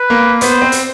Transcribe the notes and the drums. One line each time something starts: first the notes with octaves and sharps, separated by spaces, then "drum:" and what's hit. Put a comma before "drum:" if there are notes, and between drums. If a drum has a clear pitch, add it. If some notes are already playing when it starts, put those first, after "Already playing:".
Already playing: B4
A#3
B3 C5, drum: hi-hat
C4
drum: hi-hat